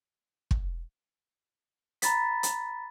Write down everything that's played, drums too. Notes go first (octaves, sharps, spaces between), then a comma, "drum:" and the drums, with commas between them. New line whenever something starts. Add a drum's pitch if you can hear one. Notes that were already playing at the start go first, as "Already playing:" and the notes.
drum: kick
A#5 B5 A6 B6, drum: hi-hat
drum: hi-hat